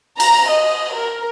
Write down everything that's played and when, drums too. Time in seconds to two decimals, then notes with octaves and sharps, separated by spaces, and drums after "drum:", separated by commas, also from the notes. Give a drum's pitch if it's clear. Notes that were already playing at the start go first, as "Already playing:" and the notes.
0.20 A#5, drum: cymbal
0.50 D#5
0.95 A#4